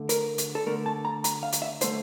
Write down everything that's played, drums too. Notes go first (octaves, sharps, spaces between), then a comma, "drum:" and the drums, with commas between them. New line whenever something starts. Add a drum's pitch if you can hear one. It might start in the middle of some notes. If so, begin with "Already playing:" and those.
Already playing: D3 A3
A#4, drum: hi-hat
drum: hi-hat
A4
D3 A3 A#4
A5
A#5
A#5, drum: hi-hat
F5
drum: hi-hat
E5
D3 A3 C5, drum: hi-hat